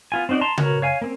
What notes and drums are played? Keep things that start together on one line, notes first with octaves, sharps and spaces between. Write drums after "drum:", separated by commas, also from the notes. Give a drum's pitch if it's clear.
B3 F4 G#5
C4 C#4 D#4 F#4 D5
A5 A#5 C6
F#4 A#4 B4 C#5 A#5, drum: tom C#3
C#5 F5 G#5
A#3 C4 C#4